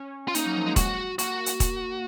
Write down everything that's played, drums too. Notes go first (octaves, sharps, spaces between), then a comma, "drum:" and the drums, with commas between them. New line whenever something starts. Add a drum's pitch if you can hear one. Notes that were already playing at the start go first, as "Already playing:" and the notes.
Already playing: C#4
F4
A#3 D#4, drum: hi-hat
F#3
F3
G#3
F#4, drum: kick, hi-hat
A#3 F#4, drum: hi-hat
drum: hi-hat
drum: kick, hi-hat